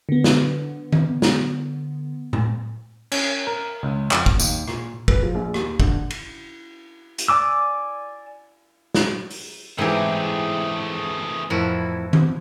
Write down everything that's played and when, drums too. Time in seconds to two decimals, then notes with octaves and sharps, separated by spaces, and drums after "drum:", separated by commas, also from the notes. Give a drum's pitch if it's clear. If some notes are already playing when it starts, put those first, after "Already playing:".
0.09 D3 B3
0.24 drum: snare
0.92 drum: tom D#3
1.22 drum: snare
2.33 drum: tom A2
3.12 C#4, drum: cymbal
3.47 A#4
3.83 C#2
4.11 F2, drum: clap
4.26 drum: kick
4.39 D#2, drum: tambourine
4.68 A#2, drum: rim click
5.08 B4, drum: kick
5.23 F3
5.35 A#1
5.54 D#2, drum: rim click
5.80 D3, drum: kick
6.10 drum: cymbal
7.18 drum: hi-hat
7.28 D5 G#5 D6 E6
8.95 drum: snare
9.30 drum: open hi-hat
9.78 G#2 E3 A3 C4 D#4 E4 G4 G#4
11.50 F2 A2 F3 E4 F#4 A#4
12.13 drum: tom D#3